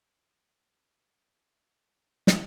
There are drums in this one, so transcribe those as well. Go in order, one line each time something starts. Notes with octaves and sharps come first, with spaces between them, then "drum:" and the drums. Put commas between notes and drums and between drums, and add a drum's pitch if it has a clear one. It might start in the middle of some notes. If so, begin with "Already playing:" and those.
Already playing: A2 E3 D4 G4
A2 C#4
E3 B3
B3
A2
A3
drum: snare